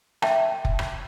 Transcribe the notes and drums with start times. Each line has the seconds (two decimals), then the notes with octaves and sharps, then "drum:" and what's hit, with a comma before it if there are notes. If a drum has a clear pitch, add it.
0.22 E5 G5 A5, drum: rim click
0.65 drum: kick F1
0.79 drum: rim click